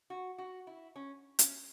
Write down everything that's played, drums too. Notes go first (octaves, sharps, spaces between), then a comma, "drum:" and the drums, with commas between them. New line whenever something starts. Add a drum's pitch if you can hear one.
F#4
F#4
E4
C#4
C#4, drum: hi-hat